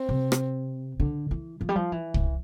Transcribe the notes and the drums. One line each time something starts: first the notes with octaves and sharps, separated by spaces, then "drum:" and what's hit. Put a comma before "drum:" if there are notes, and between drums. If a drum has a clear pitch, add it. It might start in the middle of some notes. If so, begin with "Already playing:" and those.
Already playing: C4
C3
drum: rim click
D3
E3
F3
G3
F3
E3
drum: kick